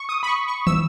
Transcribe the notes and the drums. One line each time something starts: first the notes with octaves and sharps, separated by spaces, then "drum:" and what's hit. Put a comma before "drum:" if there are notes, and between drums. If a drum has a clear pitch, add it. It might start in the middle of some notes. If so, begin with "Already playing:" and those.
Already playing: C#6
D#6
B5
C#6
C#6
E6, drum: tom